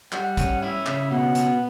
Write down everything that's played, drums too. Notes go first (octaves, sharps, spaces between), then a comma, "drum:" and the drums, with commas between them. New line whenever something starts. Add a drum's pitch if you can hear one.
G3 F#5, drum: clap
C#4, drum: kick, hi-hat
E4 E5
C#3, drum: clap
B2 F#5
B3, drum: hi-hat